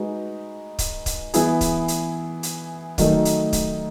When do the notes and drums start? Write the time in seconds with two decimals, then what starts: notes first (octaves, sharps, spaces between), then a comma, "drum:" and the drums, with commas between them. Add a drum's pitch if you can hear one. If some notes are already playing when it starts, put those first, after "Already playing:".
Already playing: G#3 D#4 F#4 B4
0.79 drum: kick C#1, hi-hat
1.06 drum: kick C#1, hi-hat
1.34 E3 B3 E4 G#4, drum: hi-hat
1.61 drum: kick C#1, hi-hat
1.88 drum: hi-hat
2.43 drum: hi-hat
2.98 D#3 F#3 A3 D#4, drum: kick C#1, hi-hat
3.25 drum: hi-hat
3.53 drum: kick C#1, hi-hat